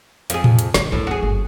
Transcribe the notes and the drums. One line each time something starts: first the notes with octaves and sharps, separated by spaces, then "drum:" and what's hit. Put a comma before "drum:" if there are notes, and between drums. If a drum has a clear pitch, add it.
F2 G#4, drum: hi-hat
drum: tom A2
drum: hi-hat
D3 D#3, drum: snare
B1 E2 A2
F#4 G#4
G1 F#2